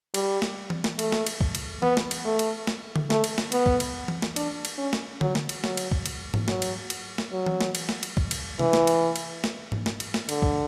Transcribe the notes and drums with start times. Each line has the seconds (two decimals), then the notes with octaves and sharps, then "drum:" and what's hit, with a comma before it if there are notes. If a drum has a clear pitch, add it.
0.14 G3, drum: cymbal
0.42 drum: snare
0.70 drum: tom E3
0.84 drum: snare
0.99 A3, drum: cymbal
1.12 drum: snare
1.26 drum: cymbal
1.41 drum: kick
1.55 drum: cymbal
1.82 B3, drum: tom E3
1.97 drum: snare
2.11 drum: cymbal
2.25 A3
2.39 drum: cymbal
2.67 drum: snare
2.96 drum: tom D3
3.10 A3, drum: snare
3.24 drum: cymbal
3.38 drum: snare
3.52 B3, drum: cymbal
3.66 drum: kick
3.80 drum: cymbal
4.08 drum: tom E3
4.22 drum: snare
4.36 D4, drum: cymbal
4.65 drum: cymbal
4.78 C#4
4.93 drum: snare
5.21 F#3, drum: tom D3
5.35 drum: snare
5.49 drum: cymbal
5.64 F#3, drum: snare
5.77 drum: cymbal
5.91 drum: kick
6.06 drum: cymbal
6.34 drum: tom G#2
6.48 F#3, drum: snare
6.62 drum: cymbal
6.90 drum: cymbal
7.18 drum: snare
7.33 F#3
7.46 drum: tom E3
7.61 drum: snare
7.75 drum: cymbal
7.89 drum: snare
8.03 drum: cymbal
8.17 drum: kick
8.31 drum: cymbal
8.59 E3, drum: tom C3
8.73 drum: snare
8.87 drum: cymbal
9.16 drum: cymbal
9.44 drum: snare
9.72 drum: tom G#2
9.86 drum: snare
10.00 drum: cymbal
10.14 drum: snare
10.29 D3, drum: cymbal
10.42 drum: kick